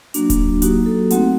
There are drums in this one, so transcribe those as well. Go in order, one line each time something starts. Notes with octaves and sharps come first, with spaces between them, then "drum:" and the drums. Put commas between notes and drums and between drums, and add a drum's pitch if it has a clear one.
F#3 A#3 D4 F#4, drum: hi-hat
drum: kick D1, hi-hat
F#4
F#3 A#3 D#4 F#4 G4, drum: hi-hat
A4
A3 C4 F#4 F#5, drum: hi-hat